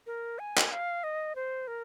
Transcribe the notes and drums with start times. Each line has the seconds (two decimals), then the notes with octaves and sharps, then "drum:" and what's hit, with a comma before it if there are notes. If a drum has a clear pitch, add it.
0.07 A#4
0.39 G#5
0.57 drum: clap
0.71 F5
1.04 D#5
1.35 C5
1.67 A#4